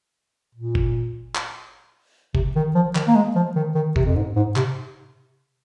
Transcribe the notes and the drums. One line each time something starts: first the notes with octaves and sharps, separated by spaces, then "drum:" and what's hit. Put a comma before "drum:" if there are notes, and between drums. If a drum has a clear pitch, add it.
A#2
drum: kick G1
drum: clap
C3, drum: kick G1
D#3
F3
D#3, drum: clap
A#3
G#3
F3
D#3
D#3
C3, drum: kick G1
F2
G#2
G#2
C3, drum: clap